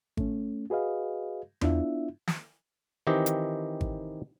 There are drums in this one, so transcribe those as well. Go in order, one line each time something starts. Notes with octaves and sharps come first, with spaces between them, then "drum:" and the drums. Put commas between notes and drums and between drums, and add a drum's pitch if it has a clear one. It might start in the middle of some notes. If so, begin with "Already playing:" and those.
A3 C#4, drum: kick G#1
F#4 G#4 B4 D#5 F5
B3 D4 E4 F4 E5, drum: tom E2
drum: snare
D#3 E3 C4 G4 D#5
drum: hi-hat
drum: kick G#1